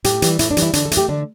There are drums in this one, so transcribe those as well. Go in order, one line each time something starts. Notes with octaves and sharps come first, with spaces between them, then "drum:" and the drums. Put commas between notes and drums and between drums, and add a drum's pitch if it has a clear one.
A2 G4, drum: hi-hat
E3 G3, drum: hi-hat
A2 E4, drum: hi-hat
D4
E3 G3, drum: hi-hat
E4
D3 D4, drum: hi-hat
A4
A3, drum: hi-hat
G4
D3 D4